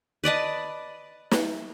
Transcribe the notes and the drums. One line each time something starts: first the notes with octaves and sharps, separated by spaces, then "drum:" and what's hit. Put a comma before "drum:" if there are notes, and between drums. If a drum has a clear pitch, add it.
B4 D5 D#5 A5
drum: snare